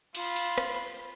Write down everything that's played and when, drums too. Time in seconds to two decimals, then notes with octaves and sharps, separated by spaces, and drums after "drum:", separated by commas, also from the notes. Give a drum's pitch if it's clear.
0.15 F4 B5, drum: cymbal
0.36 drum: cymbal
0.58 drum: rim click